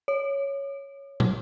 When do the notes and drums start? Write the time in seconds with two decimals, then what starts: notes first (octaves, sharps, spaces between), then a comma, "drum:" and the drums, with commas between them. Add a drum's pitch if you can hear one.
0.08 C#5
1.20 drum: tom